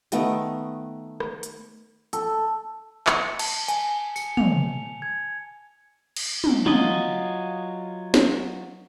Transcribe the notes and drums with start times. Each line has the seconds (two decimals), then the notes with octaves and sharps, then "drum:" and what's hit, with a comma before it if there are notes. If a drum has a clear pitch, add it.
0.12 D#3 A3 B3, drum: hi-hat
1.20 drum: rim click
1.43 drum: hi-hat
2.13 A4, drum: hi-hat
3.07 C#7, drum: clap
3.39 A5, drum: cymbal
3.68 G#5, drum: hi-hat
4.16 C#7, drum: tambourine
4.37 F7, drum: tom
5.02 G#6
6.16 drum: cymbal
6.44 drum: tom
6.66 F#3 F4 D#5, drum: tom
8.14 drum: snare